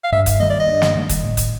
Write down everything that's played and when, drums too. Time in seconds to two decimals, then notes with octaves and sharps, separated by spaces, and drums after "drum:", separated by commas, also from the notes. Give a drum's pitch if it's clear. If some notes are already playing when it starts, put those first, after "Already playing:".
0.04 F5
0.12 G2 E5
0.26 drum: kick, hi-hat
0.40 D#3 G3 A#3 D#5
0.50 D5
0.60 D#5
0.68 G2
0.82 drum: snare
0.95 D#3 G3 A#3
1.09 drum: kick, hi-hat
1.23 A2
1.37 drum: kick, hi-hat